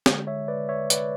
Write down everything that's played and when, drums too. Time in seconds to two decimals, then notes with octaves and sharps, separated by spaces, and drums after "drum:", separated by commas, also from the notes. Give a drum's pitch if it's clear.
0.06 D3 G#3, drum: snare
0.27 C#5 E5
0.48 B4 D5
0.69 C#5 E5
0.90 B4 D5, drum: hi-hat